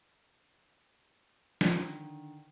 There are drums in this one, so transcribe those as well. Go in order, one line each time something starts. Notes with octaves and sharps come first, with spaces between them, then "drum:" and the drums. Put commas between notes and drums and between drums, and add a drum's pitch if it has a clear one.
D3 D#3, drum: snare